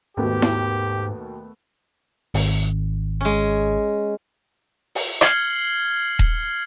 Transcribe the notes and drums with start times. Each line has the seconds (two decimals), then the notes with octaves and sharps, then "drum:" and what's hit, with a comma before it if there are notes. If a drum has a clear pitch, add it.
0.17 D#2 G#2 B2 A3 B3 G4
0.42 drum: snare E4
2.34 G#1, drum: open hi-hat
3.21 G#3 C#4
4.95 drum: open hi-hat
5.21 F6 G#6 C7 C#7 F#7 G7, drum: rim click
6.19 drum: kick D#1